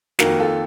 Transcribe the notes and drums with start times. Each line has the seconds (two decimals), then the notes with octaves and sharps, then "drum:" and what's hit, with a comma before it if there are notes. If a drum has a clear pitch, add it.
0.19 F2 D#3 A#3 F#4 A#4, drum: snare
0.39 F4 A4